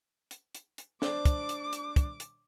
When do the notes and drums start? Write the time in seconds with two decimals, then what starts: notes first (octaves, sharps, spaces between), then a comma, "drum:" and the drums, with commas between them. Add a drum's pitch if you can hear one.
0.31 drum: hi-hat
0.55 drum: hi-hat
0.78 drum: hi-hat
1.02 D4 C5 D5 D6, drum: snare
1.25 drum: kick, hi-hat
1.49 drum: hi-hat
1.73 drum: hi-hat
1.96 drum: kick, hi-hat
2.20 drum: hi-hat